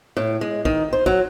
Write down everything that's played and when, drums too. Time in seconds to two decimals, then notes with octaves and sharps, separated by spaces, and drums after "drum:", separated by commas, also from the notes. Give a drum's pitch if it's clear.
0.17 A2
0.41 G#3
0.65 D#3, drum: kick B1
0.93 C5
1.06 F#3, drum: kick B1